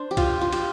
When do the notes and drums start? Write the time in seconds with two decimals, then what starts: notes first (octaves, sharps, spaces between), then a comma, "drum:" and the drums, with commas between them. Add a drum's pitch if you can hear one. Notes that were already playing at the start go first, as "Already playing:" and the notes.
Already playing: D4 C5
0.11 G4
0.17 F4, drum: kick C2, cymbal
0.41 F4
0.52 G4, drum: cymbal